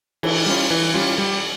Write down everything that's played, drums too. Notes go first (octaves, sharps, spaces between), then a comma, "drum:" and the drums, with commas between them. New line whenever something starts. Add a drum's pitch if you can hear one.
E3, drum: cymbal
G3 C#4 F4
E3
G3 C#4 F4
G3